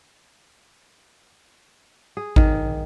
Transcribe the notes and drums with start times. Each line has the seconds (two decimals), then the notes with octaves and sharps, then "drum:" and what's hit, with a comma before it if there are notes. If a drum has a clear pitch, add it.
2.17 G#4
2.36 D#3, drum: kick G#1